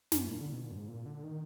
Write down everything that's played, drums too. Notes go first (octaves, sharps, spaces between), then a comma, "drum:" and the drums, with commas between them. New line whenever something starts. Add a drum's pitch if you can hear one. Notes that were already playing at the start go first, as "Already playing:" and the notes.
F2, drum: snare
F#2
A#2
D3
B2
A#2
F#2
G#2
A#2
D3
D#3